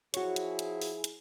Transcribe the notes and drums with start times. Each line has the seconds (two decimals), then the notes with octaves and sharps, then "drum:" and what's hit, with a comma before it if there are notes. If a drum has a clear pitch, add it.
0.14 F3 E4 F#4 G#4 C#5, drum: hi-hat
0.36 drum: hi-hat
0.59 drum: hi-hat
0.82 drum: open hi-hat
1.04 drum: hi-hat